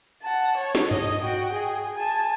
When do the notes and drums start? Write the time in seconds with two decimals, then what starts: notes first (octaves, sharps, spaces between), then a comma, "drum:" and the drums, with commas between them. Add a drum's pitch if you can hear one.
0.22 F#5 A5
0.57 C#5
0.75 drum: snare
0.91 D#5, drum: tom G2
1.21 F#4 G5
1.53 G#4
1.94 G#5 A5